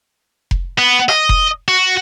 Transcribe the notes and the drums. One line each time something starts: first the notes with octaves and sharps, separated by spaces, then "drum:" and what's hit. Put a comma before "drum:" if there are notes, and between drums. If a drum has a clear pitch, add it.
drum: kick F1
B3
D#5, drum: rim click
drum: kick F1
F#4